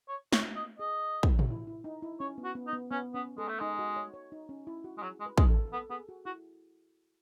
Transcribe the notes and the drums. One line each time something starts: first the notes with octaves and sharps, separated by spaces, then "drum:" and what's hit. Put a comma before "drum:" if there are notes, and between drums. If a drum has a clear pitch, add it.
C#5
C#5, drum: snare
D#5
G#4 D#5
drum: kick
drum: tom
E4
E4
D#4
E4
C#4 C#5
B3
F#4
B3
D#4
B3
B3 C#4
B3 C#4
G#3 A4
A3
G#3 D#4
F#4
C#5
C#5
D#4
C#4
E4
F#4
G#3
F#3 G#4
G#3
B4
G#3, drum: kick
A4
B3 A4
B3 G#4
F#4
E4 F#4